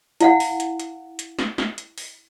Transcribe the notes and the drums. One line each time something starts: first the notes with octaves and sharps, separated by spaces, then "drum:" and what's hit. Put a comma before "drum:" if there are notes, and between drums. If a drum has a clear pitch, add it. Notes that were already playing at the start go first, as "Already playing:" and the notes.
E4 F5 F#5, drum: hi-hat
drum: open hi-hat
drum: hi-hat
drum: hi-hat
drum: hi-hat
drum: snare
drum: snare
drum: hi-hat
drum: open hi-hat